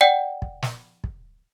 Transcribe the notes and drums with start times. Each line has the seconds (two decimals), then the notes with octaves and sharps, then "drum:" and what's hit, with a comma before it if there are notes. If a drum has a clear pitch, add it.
0.01 D5 F#5 G5
0.42 drum: kick
0.62 drum: snare
1.04 drum: kick